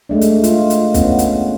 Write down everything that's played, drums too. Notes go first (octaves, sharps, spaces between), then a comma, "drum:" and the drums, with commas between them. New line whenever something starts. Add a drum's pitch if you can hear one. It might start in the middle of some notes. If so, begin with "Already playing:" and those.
G#3 A3 D4
drum: hi-hat
F4, drum: hi-hat
drum: hi-hat
B3 C#4, drum: kick, hi-hat
drum: hi-hat